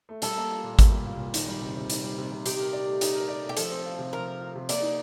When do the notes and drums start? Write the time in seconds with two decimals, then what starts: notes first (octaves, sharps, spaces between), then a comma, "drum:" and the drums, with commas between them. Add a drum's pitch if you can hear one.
0.09 A3
0.22 G3 A4, drum: hi-hat
0.37 A#3
0.50 F4
0.64 A#2
0.79 G3, drum: kick G#1, hi-hat
0.92 A#3
1.06 F4
1.19 A#2
1.34 D#3, drum: hi-hat
1.48 G3
1.62 C3
1.75 C3
1.90 D#3, drum: hi-hat
2.04 G3
2.18 C3
2.31 C3
2.46 D#4 G4, drum: hi-hat
2.60 A#4
2.73 D5
2.88 A3
3.01 D#4, drum: hi-hat
3.15 A#4
3.29 D5
3.44 A3
3.49 G4
3.57 F3 A4, drum: hi-hat
3.71 C4
3.85 F4
3.99 C3
4.13 F3 A#4
4.28 C4
4.41 F4
4.55 C3
4.69 A#3 D5, drum: hi-hat
4.82 D#4